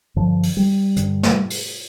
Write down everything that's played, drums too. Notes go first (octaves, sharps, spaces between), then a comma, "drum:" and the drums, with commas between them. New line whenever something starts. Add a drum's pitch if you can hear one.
G2 D3 F3
drum: open hi-hat
G3
G2 D3, drum: hi-hat
drum: snare
drum: open hi-hat